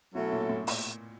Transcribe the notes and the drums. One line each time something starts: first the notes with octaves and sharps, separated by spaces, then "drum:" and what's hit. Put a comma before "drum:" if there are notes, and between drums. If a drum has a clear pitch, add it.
B2 F#3 A3 C#4 E4 A4
A#2
A2
A#2, drum: open hi-hat